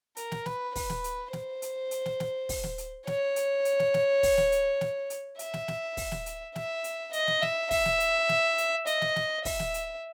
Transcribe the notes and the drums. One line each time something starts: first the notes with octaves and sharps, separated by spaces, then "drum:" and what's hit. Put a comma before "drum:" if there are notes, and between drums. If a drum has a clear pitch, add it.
A#4, drum: hi-hat
drum: snare
B4, drum: snare
B4, drum: kick, open hi-hat
drum: snare
drum: hi-hat
C5, drum: snare
drum: hi-hat
drum: hi-hat
drum: snare
drum: snare
drum: kick, open hi-hat
drum: snare
drum: hi-hat
C#5, drum: snare
drum: hi-hat
drum: hi-hat
drum: snare
drum: snare
drum: kick, open hi-hat
drum: snare
drum: hi-hat
drum: snare
drum: hi-hat
E5, drum: hi-hat
drum: snare
drum: snare
drum: kick, open hi-hat
drum: snare
drum: hi-hat
E5, drum: snare
drum: hi-hat
D#5, drum: hi-hat
drum: snare
E5, drum: snare
E5, drum: kick, open hi-hat
drum: snare
drum: hi-hat
drum: snare
drum: hi-hat
D#5, drum: hi-hat
drum: snare
drum: snare
E5, drum: kick, open hi-hat
drum: snare
drum: hi-hat